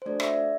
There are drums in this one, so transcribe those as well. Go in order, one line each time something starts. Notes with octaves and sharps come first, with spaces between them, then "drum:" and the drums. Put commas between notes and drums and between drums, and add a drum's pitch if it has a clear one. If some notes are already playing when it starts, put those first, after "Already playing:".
C5
A3 D4 F#4 A4 D5
E5, drum: rim click
D5